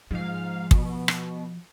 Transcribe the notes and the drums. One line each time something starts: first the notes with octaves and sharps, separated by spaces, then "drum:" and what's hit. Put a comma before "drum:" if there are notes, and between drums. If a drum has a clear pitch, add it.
G#2 F3 F5
B2, drum: kick
drum: rim click